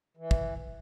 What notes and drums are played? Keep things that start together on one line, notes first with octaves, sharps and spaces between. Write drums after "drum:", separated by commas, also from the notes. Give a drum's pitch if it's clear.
E3
drum: kick